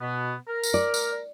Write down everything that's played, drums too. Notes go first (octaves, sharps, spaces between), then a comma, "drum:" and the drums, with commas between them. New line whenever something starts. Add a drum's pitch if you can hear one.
B2 B3
A#4
drum: tambourine
D5
drum: tambourine